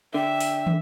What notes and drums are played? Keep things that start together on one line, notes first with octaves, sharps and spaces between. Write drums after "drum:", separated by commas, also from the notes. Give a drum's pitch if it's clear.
D3 E5 G5
drum: open hi-hat
drum: tom